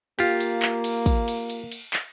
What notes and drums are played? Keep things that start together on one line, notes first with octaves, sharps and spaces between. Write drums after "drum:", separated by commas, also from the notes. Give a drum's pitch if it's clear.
A#3 F4 G4, drum: cymbal
drum: cymbal
drum: clap
drum: cymbal
drum: kick, cymbal
drum: cymbal
drum: cymbal
drum: cymbal
drum: clap